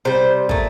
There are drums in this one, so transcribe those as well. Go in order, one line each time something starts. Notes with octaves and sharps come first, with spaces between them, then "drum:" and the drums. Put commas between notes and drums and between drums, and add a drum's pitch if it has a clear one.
C3 G3 C5
A#2 A3, drum: kick